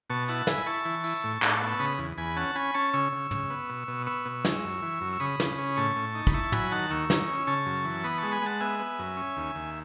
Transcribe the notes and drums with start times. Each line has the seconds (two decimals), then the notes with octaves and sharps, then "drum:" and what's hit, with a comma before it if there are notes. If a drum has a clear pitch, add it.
0.10 B2 A5 C#6
0.28 E4 F#5 A5, drum: hi-hat
0.47 E4 G#5 B5, drum: snare
0.66 E4 A5 C#6
0.85 E3
1.04 E4, drum: tambourine
1.24 A2
1.42 A2, drum: clap
1.61 B3
1.68 E6
1.79 C#3 B5 D#6
1.98 E2
2.17 E2 G#5 B5
2.36 C#4 F#5 A5
2.55 C#4 G#5 B5
2.74 C#4 A5 C#6
2.93 C#3 C#6 E6
3.12 C#3
3.31 C#3, drum: tom
3.50 B3
3.69 B2
3.88 B2
4.06 B3 C#6 E6
4.25 B2
4.45 G#3, drum: snare
4.64 F#2
4.82 E3
5.01 F#2
5.13 E6
5.20 C#3 B5 D#6
5.40 C#3, drum: snare
5.58 C#4
5.76 A2 A5 C#6
5.96 A2
6.15 D#4
6.27 B5, drum: kick
6.34 E4 A5 C#6
6.52 F#3 G#5 B5, drum: tom
6.71 D#3 F#5 A5
6.91 D#2 C#6 E6
7.10 D#3, drum: snare
7.28 C#4
7.47 C#3 A5 C#6
7.66 F#2
7.85 E3
8.04 B3 B5 D#6
8.18 G#3 A5 C#6
8.32 G#5 B5
8.42 G#3 F#5 A5
8.61 B3 E5 G#5
8.79 B3
8.99 F#2
9.17 C#4
9.37 D#2
9.55 D#2